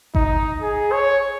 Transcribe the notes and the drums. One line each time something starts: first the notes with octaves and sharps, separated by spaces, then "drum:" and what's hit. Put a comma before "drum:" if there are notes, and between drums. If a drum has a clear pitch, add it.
D#4, drum: kick G#1
G#4
C#5